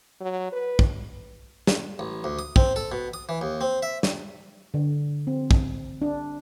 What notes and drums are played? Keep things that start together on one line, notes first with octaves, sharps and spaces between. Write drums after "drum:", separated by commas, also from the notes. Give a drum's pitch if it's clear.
F#3
B4
drum: kick
drum: snare
A1
D2
D#6
C4, drum: kick
A4
B2
D#6
E3
D#2
C4
E5
drum: snare
D3
C4
drum: kick
D4